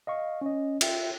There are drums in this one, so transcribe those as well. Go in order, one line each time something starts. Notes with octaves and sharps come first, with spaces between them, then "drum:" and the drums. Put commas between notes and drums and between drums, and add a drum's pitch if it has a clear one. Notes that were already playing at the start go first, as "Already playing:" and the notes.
D#5 F5 C#6
C#4 D#5
F4 E5 G5, drum: cymbal